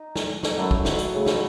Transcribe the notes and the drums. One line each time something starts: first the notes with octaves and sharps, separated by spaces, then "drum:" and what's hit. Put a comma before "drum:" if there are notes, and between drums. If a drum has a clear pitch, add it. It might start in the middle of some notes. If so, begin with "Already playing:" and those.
Already playing: D#4
drum: snare
drum: snare
F#2 F#3 A3 E4 A4
drum: kick
drum: snare
drum: hi-hat
A2 C#3
drum: snare